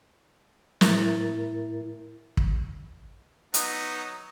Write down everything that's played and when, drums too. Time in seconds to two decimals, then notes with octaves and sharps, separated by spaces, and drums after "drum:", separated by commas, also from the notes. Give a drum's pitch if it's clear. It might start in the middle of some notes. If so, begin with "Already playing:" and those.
0.81 A2 E4 A#4 A6, drum: snare
2.37 drum: kick
3.54 F#3 B3 D#4, drum: hi-hat